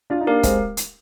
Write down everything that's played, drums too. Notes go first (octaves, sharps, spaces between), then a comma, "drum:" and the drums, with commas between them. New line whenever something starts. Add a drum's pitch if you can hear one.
D4 F4
D#4
A#3 D4 G4 A#4 F5
G#3 C4, drum: kick, hi-hat
drum: hi-hat